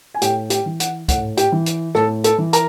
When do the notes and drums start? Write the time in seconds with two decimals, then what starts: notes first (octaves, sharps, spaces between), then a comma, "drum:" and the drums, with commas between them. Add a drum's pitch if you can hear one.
0.14 G#5
0.22 A2 G4 G5, drum: hi-hat
0.50 G4 G5, drum: hi-hat
0.66 E3
0.80 F#5, drum: hi-hat
1.08 A2 F#5, drum: kick, hi-hat
1.37 G4 G5, drum: hi-hat
1.52 E3
1.66 drum: hi-hat
1.95 A2 A4 A5, drum: rim click
2.24 A4 A5, drum: hi-hat
2.38 E3
2.53 A#4 A#5, drum: hi-hat